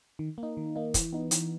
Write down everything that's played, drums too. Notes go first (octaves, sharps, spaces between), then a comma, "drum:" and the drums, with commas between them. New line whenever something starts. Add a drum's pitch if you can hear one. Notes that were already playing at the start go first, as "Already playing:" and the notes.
D#3
A#3
D#4
D#3
A#3 D#4
E3, drum: kick, hi-hat
B3 D#4
E3, drum: hi-hat